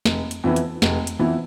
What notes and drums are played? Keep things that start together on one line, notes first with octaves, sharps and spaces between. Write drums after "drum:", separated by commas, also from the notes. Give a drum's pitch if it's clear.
F1, drum: snare
drum: hi-hat
F2 E3 B3 E4
drum: hi-hat
F1, drum: snare
drum: hi-hat
F2 E3 B3 E4